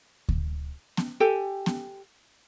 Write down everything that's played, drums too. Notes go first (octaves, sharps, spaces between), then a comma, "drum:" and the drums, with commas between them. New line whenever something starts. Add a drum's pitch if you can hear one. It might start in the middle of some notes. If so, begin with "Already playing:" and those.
drum: kick D2
drum: snare B3
G4 A4 G5 G#5
drum: snare B3